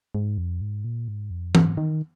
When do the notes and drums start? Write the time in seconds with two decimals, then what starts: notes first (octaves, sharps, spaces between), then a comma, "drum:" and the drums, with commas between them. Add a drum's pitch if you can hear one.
0.15 G#2
0.38 F2
0.61 G#2
0.85 A#2
1.08 G#2
1.31 F2
1.55 G#2, drum: tom E3
1.77 D#3